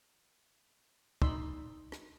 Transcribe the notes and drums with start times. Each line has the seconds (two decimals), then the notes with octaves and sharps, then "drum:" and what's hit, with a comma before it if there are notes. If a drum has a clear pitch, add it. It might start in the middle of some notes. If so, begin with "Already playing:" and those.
1.22 D#4 D5 B5 C6 E6, drum: kick
1.92 drum: rim click